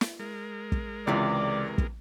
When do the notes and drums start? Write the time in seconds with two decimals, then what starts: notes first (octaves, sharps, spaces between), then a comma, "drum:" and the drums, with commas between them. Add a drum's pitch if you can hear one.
0.01 drum: snare
0.19 G#3 A#4
0.72 drum: kick
1.07 C#2 C3 E3 D5
1.78 drum: kick